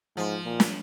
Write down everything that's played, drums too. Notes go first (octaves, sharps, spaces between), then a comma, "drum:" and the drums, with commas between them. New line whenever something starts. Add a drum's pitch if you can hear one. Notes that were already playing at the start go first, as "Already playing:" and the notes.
G#2 F3
A#2
drum: snare